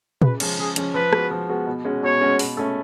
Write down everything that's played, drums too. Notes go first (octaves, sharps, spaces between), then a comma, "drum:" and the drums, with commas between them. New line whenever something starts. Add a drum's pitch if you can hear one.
C#3 B4, drum: tom A#2
F3 G#3 C#4, drum: cymbal
C#3 G#4
F3 G#3 C#4, drum: hi-hat
F3 B4
G#3 B3 F#4, drum: rim click
F3
G#3 B3 F#4
B2
G#3 C#4 F#4
B2 C#5
G#3 C#4 F#4
B2, drum: open hi-hat
A3 C#4